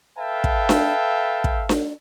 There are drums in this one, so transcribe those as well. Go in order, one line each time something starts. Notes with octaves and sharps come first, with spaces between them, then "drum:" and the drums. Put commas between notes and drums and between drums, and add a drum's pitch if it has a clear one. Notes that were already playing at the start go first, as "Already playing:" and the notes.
A4 B4 E5 F5 G5 A5
drum: kick
drum: snare D4
drum: kick
drum: snare D4